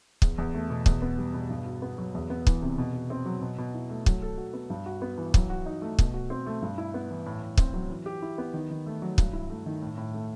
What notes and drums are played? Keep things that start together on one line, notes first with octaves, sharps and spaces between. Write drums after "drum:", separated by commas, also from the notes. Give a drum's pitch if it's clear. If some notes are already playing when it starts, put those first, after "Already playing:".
E2, drum: kick
E2
A3
B2
E2, drum: kick
B3
G3
B2
G2
F#4
B3
F#3
E2
B3
E3, drum: kick
C3
B2
F#4
C4
F#3
B2
B2
E4
A3
F#3, drum: kick
A4
F#4
B3
G2
F#4
B3
E3
F#3, drum: kick
F#4
D#4
A3
B2, drum: kick
F#4
C4
A3
G2
E4
B3
E3
A2
A2
C4, drum: kick
F#3
E3
G4
E4
B3
D#3
D#3
A3
F#3
G2, drum: kick
E4
A3
D#3
A2
A2
A3